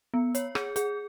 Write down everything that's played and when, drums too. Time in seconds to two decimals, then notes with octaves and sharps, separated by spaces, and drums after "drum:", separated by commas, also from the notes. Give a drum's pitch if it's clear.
0.14 B3
0.35 C#5, drum: hi-hat
0.55 G#4, drum: rim click
0.76 G#4, drum: hi-hat